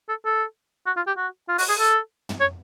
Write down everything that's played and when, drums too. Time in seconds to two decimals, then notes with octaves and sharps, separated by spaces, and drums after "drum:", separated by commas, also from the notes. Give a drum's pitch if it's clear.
0.09 A4
0.25 A4
0.86 F#4
0.96 F4
1.07 G4
1.18 F#4
1.49 F4
1.58 F#4, drum: open hi-hat
1.69 G#4
1.79 A4
2.29 drum: tom
2.40 C#5